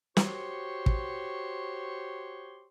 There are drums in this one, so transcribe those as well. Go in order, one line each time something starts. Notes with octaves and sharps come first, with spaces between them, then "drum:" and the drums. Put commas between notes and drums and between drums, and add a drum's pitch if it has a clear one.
F#4 G4 C5 C#5 C6 C#6, drum: snare
drum: kick